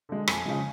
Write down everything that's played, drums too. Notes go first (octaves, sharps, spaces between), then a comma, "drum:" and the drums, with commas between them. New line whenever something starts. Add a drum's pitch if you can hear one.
D3 G#3
F2 G#5, drum: rim click
C#3 F3 G#3